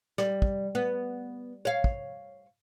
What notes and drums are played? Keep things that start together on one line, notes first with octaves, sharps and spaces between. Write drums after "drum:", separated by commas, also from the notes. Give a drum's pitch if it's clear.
G3, drum: rim click
drum: kick
B3
C#5 F5
drum: kick